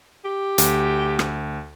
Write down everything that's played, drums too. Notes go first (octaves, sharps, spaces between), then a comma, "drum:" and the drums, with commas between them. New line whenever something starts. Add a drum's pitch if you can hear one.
G4
D2, drum: hi-hat
drum: rim click